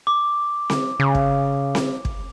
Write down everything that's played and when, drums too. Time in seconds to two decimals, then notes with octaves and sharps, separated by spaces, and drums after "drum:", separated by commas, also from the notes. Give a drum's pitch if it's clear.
0.07 D6
0.70 drum: snare C4
1.00 C#3
1.15 drum: kick
1.75 drum: snare C4
2.05 drum: kick